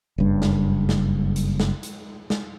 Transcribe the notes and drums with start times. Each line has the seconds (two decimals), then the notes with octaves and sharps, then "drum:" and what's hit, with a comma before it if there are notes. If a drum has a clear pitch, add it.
0.18 F#1 G2
0.42 drum: snare
0.89 drum: snare
1.36 drum: hi-hat
1.60 drum: snare
1.83 drum: hi-hat
2.30 drum: snare